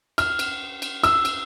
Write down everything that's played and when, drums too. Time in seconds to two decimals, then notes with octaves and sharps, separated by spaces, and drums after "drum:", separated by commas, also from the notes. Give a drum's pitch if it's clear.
0.18 F6, drum: cymbal
0.39 drum: cymbal
0.82 drum: cymbal
1.03 E6, drum: cymbal
1.25 drum: cymbal